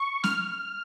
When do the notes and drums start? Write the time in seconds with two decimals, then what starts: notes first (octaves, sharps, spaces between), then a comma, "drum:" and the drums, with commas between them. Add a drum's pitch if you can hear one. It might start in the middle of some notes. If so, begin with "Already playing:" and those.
Already playing: C#6
0.24 F6, drum: snare